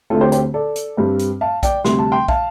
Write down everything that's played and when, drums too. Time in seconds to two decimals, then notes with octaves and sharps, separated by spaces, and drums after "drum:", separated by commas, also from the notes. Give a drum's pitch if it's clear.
0.10 D2 D3 A3 C4 F4 A4
0.21 G4 C5
0.32 G4 C5, drum: hi-hat
0.54 A4 D5
0.76 drum: hi-hat
0.97 G2 G3 C4
1.19 drum: hi-hat
1.41 F5 A5
1.63 D5 G5, drum: kick, hi-hat
1.85 D2 C3 G3 C6, drum: snare
1.99 A5
2.12 G5 C6
2.28 F5 A5, drum: kick